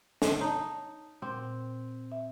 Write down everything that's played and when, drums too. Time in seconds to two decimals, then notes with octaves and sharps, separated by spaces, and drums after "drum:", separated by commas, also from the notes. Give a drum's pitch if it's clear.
0.22 drum: snare
0.41 D#4 C#5 A5
1.22 A#2 C4
2.12 E5